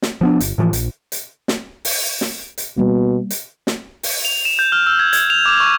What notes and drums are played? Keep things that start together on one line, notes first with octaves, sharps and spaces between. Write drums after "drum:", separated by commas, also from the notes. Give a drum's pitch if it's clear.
drum: snare
F3 B3 D4
G1, drum: hi-hat
A2 E3 F3
A#1, drum: hi-hat
drum: hi-hat
drum: snare
drum: open hi-hat
drum: snare
drum: hi-hat
B2 G3 A#3
drum: hi-hat
drum: snare
drum: open hi-hat
F7
E7
G6
F6
E6
G#6
G#6, drum: hi-hat
F7
D6
C#6